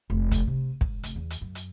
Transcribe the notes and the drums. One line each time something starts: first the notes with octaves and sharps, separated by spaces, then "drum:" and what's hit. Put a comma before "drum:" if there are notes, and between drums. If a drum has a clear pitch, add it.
F1
drum: kick, hi-hat
C3
G#2, drum: kick
F1, drum: hi-hat
E2
drum: hi-hat
F#2
drum: hi-hat